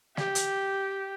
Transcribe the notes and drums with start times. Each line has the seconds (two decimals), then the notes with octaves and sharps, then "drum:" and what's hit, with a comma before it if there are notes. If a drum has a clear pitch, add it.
0.17 G4, drum: snare
0.35 drum: hi-hat